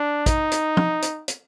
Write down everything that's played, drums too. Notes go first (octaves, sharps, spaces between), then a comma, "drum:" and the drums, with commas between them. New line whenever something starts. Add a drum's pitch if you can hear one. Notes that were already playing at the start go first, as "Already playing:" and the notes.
Already playing: D4
D#4, drum: kick, hi-hat
drum: hi-hat
drum: tom
drum: hi-hat
drum: hi-hat